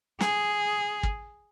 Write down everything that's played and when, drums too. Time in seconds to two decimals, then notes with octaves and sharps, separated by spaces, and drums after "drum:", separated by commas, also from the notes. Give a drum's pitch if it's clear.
0.21 G#4, drum: snare
1.03 drum: kick